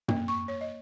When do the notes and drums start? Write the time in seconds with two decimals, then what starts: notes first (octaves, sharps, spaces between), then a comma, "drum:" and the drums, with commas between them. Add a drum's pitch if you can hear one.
0.08 A#3, drum: tom
0.28 C#6
0.48 C#5
0.61 D#5